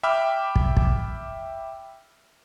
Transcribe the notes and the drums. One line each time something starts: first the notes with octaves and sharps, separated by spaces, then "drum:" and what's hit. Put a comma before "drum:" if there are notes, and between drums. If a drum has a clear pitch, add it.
E5 G5 B5 D6 F6
drum: kick
drum: kick